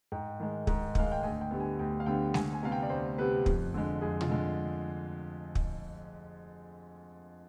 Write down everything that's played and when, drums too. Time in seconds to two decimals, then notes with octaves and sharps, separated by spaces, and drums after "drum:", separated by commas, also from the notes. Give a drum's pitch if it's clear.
0.12 G#2 G5
0.40 D#3 G#3
0.67 G#2, drum: kick
0.95 D#3 G#3 F5, drum: kick
1.12 G5
1.23 D2 G#5
1.41 G5
1.51 D3 G3 B3
1.60 G#5
1.79 D2 G5
2.00 F5
2.06 D3 G3 B3 G5
2.34 D2 G#5, drum: snare G#3
2.53 G#5
2.63 C3 G3 B3 F5
2.72 G5
2.82 D5
2.90 D2 C5
3.18 C3 G3 B3 B4
3.46 F2, drum: kick
3.74 D3 G#3
4.01 F2 G#4
4.21 F4, drum: tom B2
4.30 D3 G#3
5.55 drum: kick